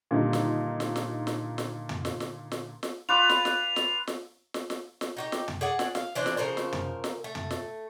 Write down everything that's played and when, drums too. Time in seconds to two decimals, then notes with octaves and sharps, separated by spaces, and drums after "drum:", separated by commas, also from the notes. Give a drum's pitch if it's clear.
0.11 A#2 D3 D#3 G3 D#4
0.33 drum: snare
0.80 drum: snare
0.96 drum: snare
1.27 drum: snare
1.58 drum: snare
1.89 drum: tom
2.05 drum: snare
2.20 drum: snare
2.52 drum: snare
2.83 drum: snare
3.09 F4 B4 D6 F7
3.29 drum: snare
3.45 drum: snare
3.76 drum: snare
4.07 drum: snare
4.54 drum: snare
4.70 drum: snare
5.01 drum: snare
5.17 D#4 F#4 G4
5.32 drum: snare
5.48 drum: tom
5.61 G#4 D5 F#5
5.79 drum: snare
5.95 F5, drum: snare
6.15 E3 D4 C5 D5
6.26 drum: snare
6.37 C#3 F3 A#4 C5
6.57 drum: snare
6.73 drum: tom
7.04 drum: snare
7.24 A3
7.35 drum: tom
7.51 drum: snare